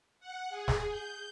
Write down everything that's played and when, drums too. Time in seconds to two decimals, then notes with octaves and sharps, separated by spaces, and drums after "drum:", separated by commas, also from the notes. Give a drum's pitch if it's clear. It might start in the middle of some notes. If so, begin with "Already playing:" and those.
0.20 F#5
0.50 G#4
0.68 drum: snare
0.89 G6